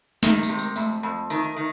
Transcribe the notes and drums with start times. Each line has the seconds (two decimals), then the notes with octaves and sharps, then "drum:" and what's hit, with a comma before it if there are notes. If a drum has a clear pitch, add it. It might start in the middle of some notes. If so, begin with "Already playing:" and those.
0.23 D#3 G#3, drum: snare
0.33 A3
0.43 G#3, drum: tambourine
0.49 C3
0.59 drum: tambourine
0.76 F2 A3, drum: tambourine
1.03 F2
1.30 D#3, drum: tambourine
1.56 D#3